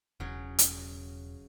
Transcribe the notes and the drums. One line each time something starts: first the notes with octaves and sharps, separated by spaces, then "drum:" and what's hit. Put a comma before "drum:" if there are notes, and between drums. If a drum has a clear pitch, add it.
E1 C#3 F#3 C#5
drum: hi-hat